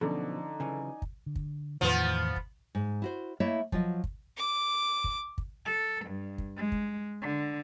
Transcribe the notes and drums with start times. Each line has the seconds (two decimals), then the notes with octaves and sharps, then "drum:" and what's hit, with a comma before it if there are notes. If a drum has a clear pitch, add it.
0.01 B2 D3 F3 F#3 C#4 D#4 D5
0.60 C#3 E3 F#3 G#5
1.02 drum: kick
1.26 D3
1.36 drum: kick
1.81 E2 A2 D#3 F3 B3
2.36 drum: kick
2.75 G#2
3.02 E4 F#4 C5
3.40 A3 A#3 E4 C#5 D#5 E5
3.72 F3 F#3 F4 D#5, drum: kick
4.04 drum: kick
4.37 D6
5.04 drum: kick
5.38 drum: kick
5.65 A4
6.05 G2
6.38 drum: kick
6.56 G#3
6.72 drum: kick
7.22 D3